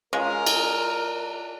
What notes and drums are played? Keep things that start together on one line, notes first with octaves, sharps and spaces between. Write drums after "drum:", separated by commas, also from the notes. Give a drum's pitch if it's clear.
G#3 C#4 F4 A#4
drum: cymbal